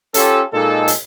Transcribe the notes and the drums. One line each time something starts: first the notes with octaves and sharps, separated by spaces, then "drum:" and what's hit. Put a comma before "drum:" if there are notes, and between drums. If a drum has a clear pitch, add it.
C#4 F4 G4 A4, drum: hi-hat
A#2 G#3 D#4 A4
drum: hi-hat